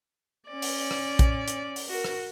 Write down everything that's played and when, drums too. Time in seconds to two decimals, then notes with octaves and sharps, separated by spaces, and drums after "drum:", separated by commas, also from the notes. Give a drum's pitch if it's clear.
0.48 C#4 D5
0.62 drum: open hi-hat
0.91 drum: rim click
1.19 drum: kick A#1, hi-hat
1.48 drum: hi-hat
1.76 drum: open hi-hat
1.89 F#4 A#4
2.04 drum: rim click